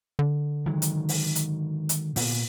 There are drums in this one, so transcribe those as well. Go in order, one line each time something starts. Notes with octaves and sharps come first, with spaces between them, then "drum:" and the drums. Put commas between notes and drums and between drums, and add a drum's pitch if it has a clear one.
D3
D#3 F#3 G#3
drum: hi-hat
drum: open hi-hat
drum: hi-hat
drum: hi-hat
A#2 B3, drum: open hi-hat